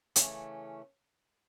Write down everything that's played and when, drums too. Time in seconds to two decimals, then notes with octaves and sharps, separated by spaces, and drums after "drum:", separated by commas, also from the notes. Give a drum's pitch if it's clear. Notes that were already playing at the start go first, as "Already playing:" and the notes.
0.16 C#3 E3 A3 C#4, drum: hi-hat